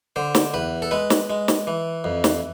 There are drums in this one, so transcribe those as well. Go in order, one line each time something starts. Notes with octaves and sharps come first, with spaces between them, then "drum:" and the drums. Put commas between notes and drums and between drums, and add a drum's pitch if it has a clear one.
D3 C5
drum: snare
E2 B4
A4
G#3 B4
drum: snare
G#3
drum: snare
E3
F2
drum: snare